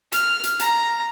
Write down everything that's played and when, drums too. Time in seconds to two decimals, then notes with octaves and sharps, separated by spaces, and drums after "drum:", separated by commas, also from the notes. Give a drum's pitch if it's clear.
0.12 F6, drum: hi-hat
0.43 drum: hi-hat
0.59 A#5, drum: hi-hat